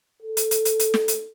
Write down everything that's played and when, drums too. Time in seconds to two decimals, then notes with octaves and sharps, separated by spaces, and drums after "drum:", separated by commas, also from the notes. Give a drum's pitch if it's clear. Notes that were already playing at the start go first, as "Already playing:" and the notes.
0.22 A4
0.37 drum: hi-hat
0.51 drum: hi-hat
0.65 drum: hi-hat
0.79 drum: hi-hat
0.94 drum: snare
1.08 drum: hi-hat